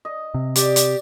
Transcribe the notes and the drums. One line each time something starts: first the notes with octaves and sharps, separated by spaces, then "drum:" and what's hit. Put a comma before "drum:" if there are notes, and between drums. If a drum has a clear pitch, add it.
D#5
C3
G4 D5, drum: hi-hat
drum: hi-hat